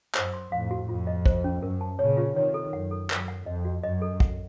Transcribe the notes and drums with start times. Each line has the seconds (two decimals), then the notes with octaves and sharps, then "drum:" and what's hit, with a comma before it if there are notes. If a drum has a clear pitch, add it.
0.15 F#2 C5, drum: clap
0.34 C6
0.52 F2 A2 F5
0.71 F#4
0.88 F2 F4
1.07 D#5
1.26 C5, drum: kick
1.44 C#4
1.63 F#2 A#4
1.81 A5
1.99 A#2 C#3 C#5
2.17 F4
2.36 C3 D#3 C#5
2.54 A4
2.73 F#2 F#5
2.91 A4
3.10 F#2 A#4, drum: clap
3.28 F#5
3.46 F2 D#5
3.65 F#4
3.83 F#2 D#5
4.02 A4
4.20 F#5, drum: kick